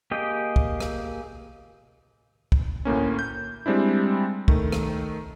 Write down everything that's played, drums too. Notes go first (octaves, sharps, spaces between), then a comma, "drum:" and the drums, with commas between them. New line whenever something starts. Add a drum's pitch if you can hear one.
A#3 G4 G#4 D#5 G5
drum: kick
drum: rim click
drum: kick
D2 A2 A#3 C#4
G6
G3 G#3 C4 D4 E4
D#3 A3, drum: kick
drum: rim click